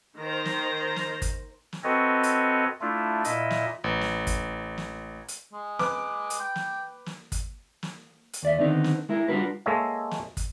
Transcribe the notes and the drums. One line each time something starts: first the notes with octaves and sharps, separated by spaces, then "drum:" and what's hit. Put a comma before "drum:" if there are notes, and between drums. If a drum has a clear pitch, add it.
D#3 C5 A#5
drum: snare
drum: snare
drum: kick, hi-hat
drum: snare
C4 F#4 A4 B4 C#5 D#5
drum: hi-hat
A3 D4 E4 F4
A#2 E4 D#5 E5, drum: hi-hat
drum: snare
A1
drum: snare
drum: kick, hi-hat
drum: snare
drum: hi-hat
G#3
B4 D6, drum: snare
drum: hi-hat
G5
drum: snare
drum: snare
drum: kick, hi-hat
drum: snare
drum: hi-hat
D#2 D5 E5
D3 D#3 B3 C4 D#4
drum: snare
G#3 E4 A#4
G3 D4 F4 F#4 A#4 B4
G#3 A#3 A4 C#5 D#5 E5
drum: snare
drum: kick, hi-hat